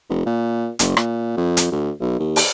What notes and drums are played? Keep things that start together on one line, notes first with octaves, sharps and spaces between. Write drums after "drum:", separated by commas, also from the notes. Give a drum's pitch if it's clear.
F1
A#2
F#1, drum: hi-hat
A#2, drum: rim click
F2
drum: hi-hat
D2
B1
D#2
drum: open hi-hat